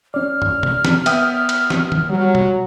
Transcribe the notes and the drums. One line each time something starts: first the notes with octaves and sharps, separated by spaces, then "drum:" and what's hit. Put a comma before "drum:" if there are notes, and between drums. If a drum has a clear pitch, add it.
C#4 D5 F6
drum: tom
drum: tom
drum: snare
B3 E5 G5 D#6, drum: cymbal
drum: cymbal
drum: snare
drum: tom D#3
F#3 G3
drum: tom